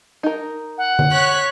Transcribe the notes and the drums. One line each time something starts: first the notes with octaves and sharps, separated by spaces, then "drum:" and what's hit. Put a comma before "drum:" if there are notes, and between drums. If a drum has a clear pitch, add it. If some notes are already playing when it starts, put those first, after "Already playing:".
D#4 A#4
F#5
drum: tom D3
C#5 F#6 B6